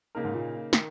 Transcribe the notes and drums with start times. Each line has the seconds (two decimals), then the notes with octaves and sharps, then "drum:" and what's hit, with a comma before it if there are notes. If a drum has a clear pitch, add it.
0.15 C#3 A#3 D#4 A#4
0.24 G#2
0.33 A#2
0.73 D#3, drum: snare